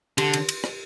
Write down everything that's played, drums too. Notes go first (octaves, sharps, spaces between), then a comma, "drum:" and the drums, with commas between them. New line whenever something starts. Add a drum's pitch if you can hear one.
D3 G4, drum: cymbal
drum: cymbal
drum: cymbal
drum: rim click